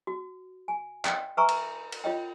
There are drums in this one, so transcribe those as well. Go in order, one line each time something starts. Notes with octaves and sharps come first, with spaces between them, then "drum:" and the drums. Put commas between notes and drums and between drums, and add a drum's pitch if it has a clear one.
F#4
G#5
D#5 G5, drum: clap
B4 E5 G#5 A#5 C#6 E6
drum: cymbal
drum: cymbal
F4 C#5 D#5 G5